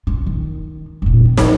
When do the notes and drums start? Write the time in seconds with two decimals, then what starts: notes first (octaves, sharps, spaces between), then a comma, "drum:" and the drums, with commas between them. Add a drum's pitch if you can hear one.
0.07 F4
0.26 D#3
1.02 F1 A#2
1.25 C4
1.38 F3, drum: snare